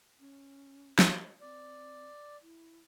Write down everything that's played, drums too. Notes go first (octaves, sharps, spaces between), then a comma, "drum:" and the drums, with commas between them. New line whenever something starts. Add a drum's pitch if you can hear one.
C#4
D#5, drum: snare
C4 D5
E4